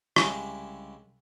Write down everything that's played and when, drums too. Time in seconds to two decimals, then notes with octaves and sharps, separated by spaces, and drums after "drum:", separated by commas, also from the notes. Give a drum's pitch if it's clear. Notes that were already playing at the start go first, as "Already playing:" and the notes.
0.16 C2 C#3 G#3 E4 G4 G5, drum: rim click